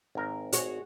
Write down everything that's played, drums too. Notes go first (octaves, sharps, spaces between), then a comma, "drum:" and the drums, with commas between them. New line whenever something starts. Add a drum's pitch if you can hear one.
G#1 A#4
F#4 G#4 C#5, drum: hi-hat